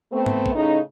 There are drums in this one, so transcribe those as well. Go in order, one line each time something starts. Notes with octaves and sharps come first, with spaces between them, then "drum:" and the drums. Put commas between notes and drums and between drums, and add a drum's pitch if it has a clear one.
A3 B3 C4
drum: tom G#2
drum: kick
A2 C#3 C#4 D#4